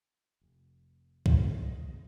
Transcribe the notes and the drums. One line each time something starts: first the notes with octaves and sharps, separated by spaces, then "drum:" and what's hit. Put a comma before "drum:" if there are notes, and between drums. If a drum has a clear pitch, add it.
F1
D#5, drum: kick